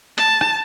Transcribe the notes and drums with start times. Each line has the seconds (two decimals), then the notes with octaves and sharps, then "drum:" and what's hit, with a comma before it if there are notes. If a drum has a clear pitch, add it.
0.18 A5, drum: hi-hat
0.41 drum: rim click